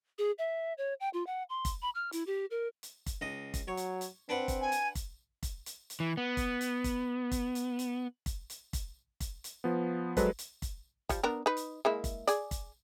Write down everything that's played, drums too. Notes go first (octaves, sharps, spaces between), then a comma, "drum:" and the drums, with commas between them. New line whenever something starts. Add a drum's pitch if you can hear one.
G#4
E5
C#5
G5
F4
F#5
C6
drum: kick, hi-hat
B5
F6
E4, drum: hi-hat
G4
A#4
drum: hi-hat
drum: kick, hi-hat
C#2 D#5
drum: kick, hi-hat
F#3 C#5
drum: hi-hat
drum: hi-hat
C4 D4 B4 F#5
drum: kick, hi-hat
G#5
drum: hi-hat
drum: kick, hi-hat
drum: kick, hi-hat
drum: hi-hat
drum: hi-hat
E3
B3
drum: kick, hi-hat
drum: hi-hat
drum: kick, hi-hat
drum: kick, hi-hat
drum: hi-hat
drum: hi-hat
drum: kick, hi-hat
drum: hi-hat
drum: kick, hi-hat
drum: kick, hi-hat
drum: hi-hat
F3 B3
F#3 G#3 A4 B4 C5, drum: kick, hi-hat
drum: hi-hat
drum: kick, hi-hat
F3 G3, drum: kick, hi-hat
B3 D4 A#4
D#4 B4
drum: hi-hat
G#3 A#3 E4
drum: kick, hi-hat
G#4 D5, drum: hi-hat
drum: kick, hi-hat